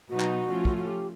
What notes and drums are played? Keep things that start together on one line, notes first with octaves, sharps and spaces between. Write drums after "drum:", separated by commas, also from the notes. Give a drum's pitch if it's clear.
B2 F#3 B3 D#4 F#4
drum: clap
F3 A3 C#4 F4
drum: kick
F#4
G4